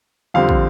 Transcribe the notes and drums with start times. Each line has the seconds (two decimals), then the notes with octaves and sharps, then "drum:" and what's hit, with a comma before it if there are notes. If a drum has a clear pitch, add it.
0.34 F2 D3 G3 C4 F5
0.49 drum: kick